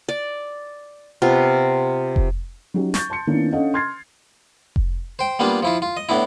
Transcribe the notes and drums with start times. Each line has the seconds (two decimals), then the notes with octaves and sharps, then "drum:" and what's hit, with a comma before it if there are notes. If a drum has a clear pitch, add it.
0.09 D5
1.22 C3 B3 F4
2.16 drum: kick F1
2.74 F#3 C#4 D#4 F#4 G4
2.94 C#6 G6 A6, drum: snare
3.10 A5 C6 C#7
3.27 D#3 A#3 B3 C#4 D4 E4
3.52 C#4 D4 A4 D#5 F5 F#5
3.74 C6 F6 G#6 A6 C7
4.76 drum: kick F1
5.19 C5 G5
5.39 G3 A#3 B3 D4 F4
5.63 F3 E4 F4
5.82 F4
5.97 D#5
6.09 A2 B3 D4 E4